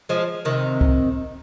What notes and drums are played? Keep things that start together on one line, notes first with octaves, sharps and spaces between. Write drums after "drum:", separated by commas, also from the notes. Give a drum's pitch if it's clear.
F3 G#3
C3 D#3
drum: kick C#2